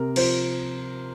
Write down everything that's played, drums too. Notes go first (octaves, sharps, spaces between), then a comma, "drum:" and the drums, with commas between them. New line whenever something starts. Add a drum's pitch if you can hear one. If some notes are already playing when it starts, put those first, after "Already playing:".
Already playing: C3 A#4
F3 C5, drum: cymbal